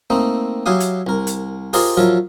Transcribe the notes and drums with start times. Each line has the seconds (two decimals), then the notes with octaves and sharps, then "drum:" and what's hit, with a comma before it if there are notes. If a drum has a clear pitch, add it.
0.10 A3 A#3 C4 D#4
0.66 F#3 E4 G4 F5 G#5 D#6
0.80 drum: hi-hat
1.07 C2 A#4
1.27 drum: hi-hat
1.73 F4 G4 G#4 A#4 C5 D#5, drum: open hi-hat
1.97 F3 F#3 E4 F4 A#4